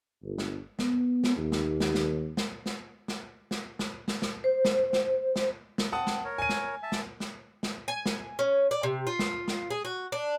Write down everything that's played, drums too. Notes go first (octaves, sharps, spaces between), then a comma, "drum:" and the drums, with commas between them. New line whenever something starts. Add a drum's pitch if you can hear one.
G1
drum: snare
B3, drum: snare
drum: snare
D#2
drum: snare
drum: snare
drum: snare
drum: snare
drum: snare
drum: snare
drum: snare
drum: snare
drum: snare
drum: snare
C5
drum: snare
drum: snare
drum: snare
drum: snare
C4 F#5 A5 D#6
drum: snare
A#4 C#5
G#5 D#7
drum: snare
E5 A5
drum: snare
drum: snare
drum: snare
G#5
drum: snare
C#4
D5
C3
F4
drum: snare
drum: snare
G#4
F#4
D4